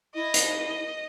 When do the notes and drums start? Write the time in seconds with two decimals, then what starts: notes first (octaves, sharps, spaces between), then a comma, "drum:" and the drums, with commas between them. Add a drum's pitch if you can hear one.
0.15 E4 D#5
0.34 drum: hi-hat